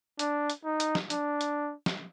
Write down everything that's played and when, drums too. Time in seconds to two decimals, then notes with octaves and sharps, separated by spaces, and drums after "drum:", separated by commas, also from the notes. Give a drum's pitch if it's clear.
0.19 D4, drum: hi-hat
0.50 drum: hi-hat
0.65 D#4
0.80 drum: hi-hat
0.95 drum: snare
1.10 D4, drum: hi-hat
1.41 drum: hi-hat
1.86 drum: snare